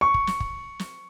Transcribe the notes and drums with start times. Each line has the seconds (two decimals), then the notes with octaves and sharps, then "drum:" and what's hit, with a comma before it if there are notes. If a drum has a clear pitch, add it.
0.01 C#6
0.14 drum: kick
0.27 drum: snare
0.40 drum: kick
0.79 drum: snare